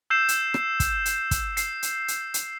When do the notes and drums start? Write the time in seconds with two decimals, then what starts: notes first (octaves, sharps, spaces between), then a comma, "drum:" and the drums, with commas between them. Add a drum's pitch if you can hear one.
0.10 E6 G6 C7 E7
0.28 drum: hi-hat
0.54 drum: rim click
0.80 drum: kick, hi-hat
1.06 drum: hi-hat
1.31 drum: kick, hi-hat
1.57 C7, drum: hi-hat
1.83 drum: hi-hat
2.08 drum: hi-hat
2.34 drum: hi-hat